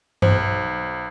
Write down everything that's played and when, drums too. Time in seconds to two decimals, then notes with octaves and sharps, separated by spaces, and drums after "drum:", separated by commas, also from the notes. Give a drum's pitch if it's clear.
0.22 B1 C5, drum: tom G2